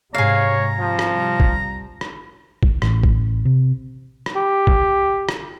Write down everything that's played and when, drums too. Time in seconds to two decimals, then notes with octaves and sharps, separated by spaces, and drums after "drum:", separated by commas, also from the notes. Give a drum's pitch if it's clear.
0.14 G#2 C3 G#4 C#5 F5 A#5
0.78 C3 F3 G3
0.99 drum: rim click
1.40 drum: kick
2.01 drum: rim click
2.63 drum: kick
2.82 A1, drum: rim click
3.03 drum: kick
3.45 C3
4.26 drum: rim click
4.36 G4
4.67 drum: kick
5.29 drum: rim click